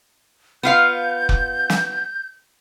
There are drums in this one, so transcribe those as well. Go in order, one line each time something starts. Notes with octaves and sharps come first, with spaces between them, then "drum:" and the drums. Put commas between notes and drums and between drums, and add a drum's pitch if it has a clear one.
B3 F4 F5 G6
drum: kick F1
drum: snare